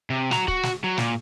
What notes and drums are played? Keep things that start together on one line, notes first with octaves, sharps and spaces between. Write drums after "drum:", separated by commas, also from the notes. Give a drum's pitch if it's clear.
C3
F#4 A#5, drum: snare
F#4, drum: kick
drum: snare
F#3
A#2, drum: snare